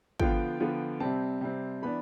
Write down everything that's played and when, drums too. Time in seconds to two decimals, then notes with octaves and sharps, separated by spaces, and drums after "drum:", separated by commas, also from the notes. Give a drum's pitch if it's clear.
0.20 D3 F3 B3 F4 G5, drum: kick
0.60 D3 F3 B3 F4
1.00 C3 G3 C4 A5
1.41 C3 G3 C4
1.82 E3 B3 D4 B5